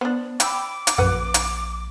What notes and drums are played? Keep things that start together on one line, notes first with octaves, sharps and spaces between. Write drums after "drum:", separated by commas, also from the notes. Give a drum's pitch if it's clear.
B3 D4 C5
G5 B5 D6 E6, drum: hi-hat
drum: hi-hat
A#1 F#2 B4 F#5
drum: hi-hat